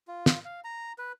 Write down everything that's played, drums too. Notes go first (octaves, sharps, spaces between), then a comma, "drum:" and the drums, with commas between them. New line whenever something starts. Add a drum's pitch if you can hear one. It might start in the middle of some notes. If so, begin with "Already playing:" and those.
F4
drum: snare
F5
A#5
B4